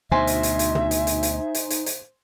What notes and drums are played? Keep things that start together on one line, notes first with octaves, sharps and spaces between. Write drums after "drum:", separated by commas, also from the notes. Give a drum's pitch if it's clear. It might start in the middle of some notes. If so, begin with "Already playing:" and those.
D2 B2 D#4 C5 E5 G#5 C6
drum: hi-hat
drum: hi-hat
drum: hi-hat
drum: tom
drum: hi-hat
drum: hi-hat
drum: hi-hat
drum: hi-hat
drum: hi-hat
drum: hi-hat